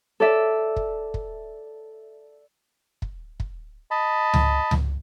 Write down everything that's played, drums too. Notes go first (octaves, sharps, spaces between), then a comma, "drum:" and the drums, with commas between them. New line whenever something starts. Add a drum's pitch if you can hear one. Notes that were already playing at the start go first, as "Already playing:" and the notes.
A4 D5 E5
drum: kick
drum: kick
drum: kick
drum: kick
D#5 A5 B5
drum: tom C#2
drum: tom C#2